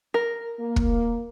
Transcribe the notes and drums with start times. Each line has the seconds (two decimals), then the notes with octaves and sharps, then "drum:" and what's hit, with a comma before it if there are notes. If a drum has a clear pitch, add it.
0.14 A#4
0.60 A#3
0.76 drum: kick